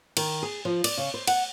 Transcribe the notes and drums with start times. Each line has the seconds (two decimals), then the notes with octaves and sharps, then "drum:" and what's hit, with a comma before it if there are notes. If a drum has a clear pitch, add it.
0.17 D#3, drum: cymbal
0.43 G#4
0.65 F3
0.84 D5, drum: cymbal
0.98 C#3
1.14 C5
1.27 F#5, drum: cymbal